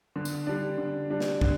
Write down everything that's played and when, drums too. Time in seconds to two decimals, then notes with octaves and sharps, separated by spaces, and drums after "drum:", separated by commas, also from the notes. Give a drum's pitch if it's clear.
0.16 D3
0.25 drum: tambourine
0.47 G3 D4
0.78 D3
1.10 G3 D4
1.20 drum: snare
1.41 D3, drum: kick